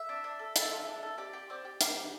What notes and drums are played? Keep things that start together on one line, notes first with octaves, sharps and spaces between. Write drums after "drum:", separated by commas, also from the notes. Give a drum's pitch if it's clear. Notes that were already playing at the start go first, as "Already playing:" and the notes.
Already playing: E5
D4
D4
A4
A4, drum: hi-hat
F4
D4
A4
G4 D5
G4
C4 D5
G4
G4 F5, drum: hi-hat
G4